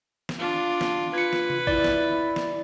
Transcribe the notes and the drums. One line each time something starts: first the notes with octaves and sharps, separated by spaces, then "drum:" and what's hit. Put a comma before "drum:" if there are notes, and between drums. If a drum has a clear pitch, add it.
drum: snare
D4 F4
drum: snare
F4 B4 G#6 C#7
drum: snare
drum: tom C3
E4 D5, drum: kick
drum: snare
drum: snare